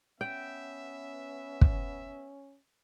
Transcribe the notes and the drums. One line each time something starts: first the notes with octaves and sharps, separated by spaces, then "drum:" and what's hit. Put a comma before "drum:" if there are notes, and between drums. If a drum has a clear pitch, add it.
B3 C#4 E5 G5
drum: kick